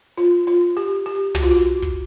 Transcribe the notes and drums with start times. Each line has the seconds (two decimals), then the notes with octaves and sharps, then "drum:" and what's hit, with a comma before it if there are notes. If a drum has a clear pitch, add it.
0.17 F4
0.47 F4
0.77 G4
1.06 G4
1.35 F#4, drum: tom
1.43 F4
1.51 F#4
1.82 drum: kick